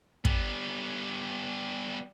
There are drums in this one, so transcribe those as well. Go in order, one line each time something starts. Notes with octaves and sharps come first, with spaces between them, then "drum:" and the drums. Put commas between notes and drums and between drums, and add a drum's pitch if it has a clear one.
G3 B3, drum: kick